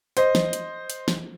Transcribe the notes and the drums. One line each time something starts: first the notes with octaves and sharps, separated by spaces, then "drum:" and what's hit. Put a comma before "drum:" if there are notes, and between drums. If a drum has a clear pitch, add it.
C5 D#5, drum: hi-hat
drum: snare
drum: hi-hat
drum: hi-hat
drum: snare